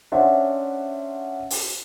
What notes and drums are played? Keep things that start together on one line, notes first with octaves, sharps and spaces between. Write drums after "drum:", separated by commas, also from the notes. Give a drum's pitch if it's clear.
C#4 D4 C5 E5 F#5
drum: open hi-hat